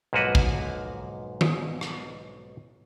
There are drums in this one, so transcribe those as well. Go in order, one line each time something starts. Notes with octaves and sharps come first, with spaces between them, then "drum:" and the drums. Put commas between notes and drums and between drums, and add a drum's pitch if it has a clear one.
B1 G#2 F3 A#3 F#4 B4
drum: kick
drum: tom D#3
drum: rim click